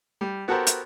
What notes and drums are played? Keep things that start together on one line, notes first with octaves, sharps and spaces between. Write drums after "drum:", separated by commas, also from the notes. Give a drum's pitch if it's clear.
G3
B3 F#4 G4 A4 A#4 C5
drum: hi-hat